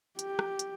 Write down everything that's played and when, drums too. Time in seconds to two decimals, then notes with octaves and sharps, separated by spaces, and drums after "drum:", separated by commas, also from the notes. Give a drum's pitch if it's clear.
0.19 G4, drum: hi-hat
0.39 drum: rim click
0.59 drum: hi-hat